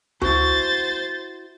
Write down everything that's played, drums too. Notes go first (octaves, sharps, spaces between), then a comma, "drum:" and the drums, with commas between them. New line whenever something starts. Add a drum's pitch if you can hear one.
E4 F#4 C5 A6, drum: tom C#2